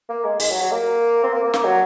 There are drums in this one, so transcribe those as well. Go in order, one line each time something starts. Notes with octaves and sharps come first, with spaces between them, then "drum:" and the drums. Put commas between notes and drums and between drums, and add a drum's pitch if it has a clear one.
A#3
G#3
G#3, drum: open hi-hat
F#3
F#3
A#3
C4
A#3
A#3
A#3, drum: snare
F#3